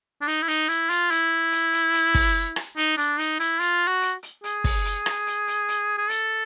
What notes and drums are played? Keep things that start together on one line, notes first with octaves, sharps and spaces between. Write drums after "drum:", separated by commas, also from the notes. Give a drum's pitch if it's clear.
D4
D#4, drum: hi-hat
E4
D#4, drum: hi-hat
E4, drum: hi-hat
F4, drum: hi-hat
E4, drum: hi-hat
drum: hi-hat
drum: hi-hat
drum: hi-hat
drum: kick, open hi-hat
drum: rim click
D#4, drum: hi-hat
D4, drum: hi-hat
D#4, drum: hi-hat
E4, drum: hi-hat
F4, drum: hi-hat
F#4
drum: hi-hat
drum: hi-hat
G#4, drum: hi-hat
drum: kick, open hi-hat
drum: hi-hat
drum: rim click
drum: hi-hat
drum: hi-hat
drum: hi-hat
G#4
A4, drum: hi-hat